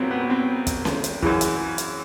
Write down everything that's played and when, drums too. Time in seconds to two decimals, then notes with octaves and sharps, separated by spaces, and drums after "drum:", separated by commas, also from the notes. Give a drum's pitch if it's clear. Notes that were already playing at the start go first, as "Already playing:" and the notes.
Already playing: C2 A#2 F#3 B3 C4
0.11 B3
0.30 C4
0.67 drum: kick, hi-hat
0.85 drum: snare C#4
1.04 drum: hi-hat
1.22 F#2 C#3 E3, drum: kick
1.41 drum: hi-hat
1.78 drum: hi-hat